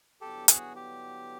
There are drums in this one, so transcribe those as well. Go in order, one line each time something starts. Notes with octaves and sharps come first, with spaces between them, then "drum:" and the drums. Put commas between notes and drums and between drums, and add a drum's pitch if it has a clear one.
G2 D3 F#3 B3 E4 G4 A4
F#4 G#4, drum: hi-hat
G4